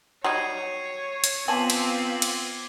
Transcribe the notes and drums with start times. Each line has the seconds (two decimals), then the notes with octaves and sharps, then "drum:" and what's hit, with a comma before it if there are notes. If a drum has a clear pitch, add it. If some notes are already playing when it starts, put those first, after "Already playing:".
0.24 F#3 G3 D#4 C#5 G#6 C7 D#7
1.24 drum: hi-hat
1.48 B3 C4 F4 G#5 A5 D6 D#7 F#7
1.70 drum: cymbal
2.22 drum: cymbal